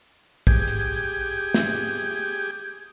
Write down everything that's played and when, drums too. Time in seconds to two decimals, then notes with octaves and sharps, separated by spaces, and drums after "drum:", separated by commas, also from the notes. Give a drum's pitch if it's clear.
0.47 G4 G#4, drum: kick
0.67 drum: hi-hat
1.54 drum: snare